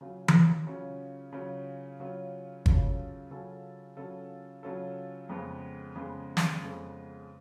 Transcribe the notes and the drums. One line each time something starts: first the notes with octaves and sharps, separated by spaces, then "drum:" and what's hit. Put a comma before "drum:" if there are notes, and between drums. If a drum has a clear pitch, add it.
C#3 F#3 C#4 F4
drum: tom E3
C#3 F#3 C#4 F4
C#3 F#3 C#4 F4
C#3 F#3 C#4 F4
C#3 F#3 C#4 F4 A4, drum: kick
C#3 F#3 C#4 F4 A4
C#3 F#3 C#4 F4 A4
C#3 F#3 C#4 F4 A4
F2 C#3 G#3 B3
F2 C#3 G#3 B3
drum: snare
F2 C#3 G#3 B3